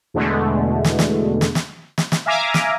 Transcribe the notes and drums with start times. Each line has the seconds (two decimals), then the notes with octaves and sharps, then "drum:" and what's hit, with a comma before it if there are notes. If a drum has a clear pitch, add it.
0.14 E2 B2 D3 G#3 A3
0.85 drum: snare
0.99 drum: snare
1.41 drum: snare
1.55 drum: snare
1.98 drum: snare
2.12 drum: snare
2.26 E5 F5 G#5 A#5 D6
2.54 drum: snare